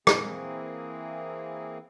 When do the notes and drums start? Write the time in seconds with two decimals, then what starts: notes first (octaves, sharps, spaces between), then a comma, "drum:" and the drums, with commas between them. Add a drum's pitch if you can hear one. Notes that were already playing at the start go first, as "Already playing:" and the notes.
0.07 E3 A#3 C4 E4 G#4, drum: rim click